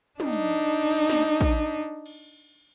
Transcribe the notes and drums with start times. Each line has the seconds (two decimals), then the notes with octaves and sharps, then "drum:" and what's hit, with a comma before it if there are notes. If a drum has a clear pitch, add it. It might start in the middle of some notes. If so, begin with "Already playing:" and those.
0.20 D4 D#4, drum: tom
0.33 drum: hi-hat
0.91 drum: cymbal
1.10 drum: snare
1.41 drum: kick
2.06 drum: cymbal